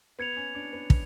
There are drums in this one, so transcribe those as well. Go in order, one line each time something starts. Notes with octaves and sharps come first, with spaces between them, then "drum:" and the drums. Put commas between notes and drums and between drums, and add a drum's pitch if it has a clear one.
B3 G#6 C#7 F7
C#4
D4
B3
drum: kick